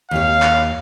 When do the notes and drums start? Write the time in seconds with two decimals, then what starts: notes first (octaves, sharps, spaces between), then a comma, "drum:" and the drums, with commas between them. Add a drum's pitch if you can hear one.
0.11 D#2 G4 C#5 F5
0.42 drum: clap